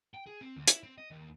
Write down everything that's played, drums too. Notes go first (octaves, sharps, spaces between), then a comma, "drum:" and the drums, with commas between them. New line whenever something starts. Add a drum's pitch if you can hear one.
G5
G#4
C4
D2
E4, drum: hi-hat
C4
D#5
D#2